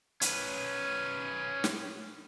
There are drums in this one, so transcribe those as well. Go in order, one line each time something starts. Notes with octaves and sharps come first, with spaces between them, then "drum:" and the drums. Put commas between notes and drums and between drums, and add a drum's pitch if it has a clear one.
C#4 B4, drum: hi-hat
drum: snare